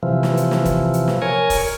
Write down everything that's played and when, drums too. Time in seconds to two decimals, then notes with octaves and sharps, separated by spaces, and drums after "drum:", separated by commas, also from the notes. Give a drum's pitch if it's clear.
0.03 C3 E3 F3
0.23 drum: snare
0.37 drum: hi-hat
0.51 drum: snare
0.65 drum: kick E1, hi-hat
0.94 drum: hi-hat
1.08 drum: snare
1.22 A#4 C#5 G#5
1.50 drum: kick E1, open hi-hat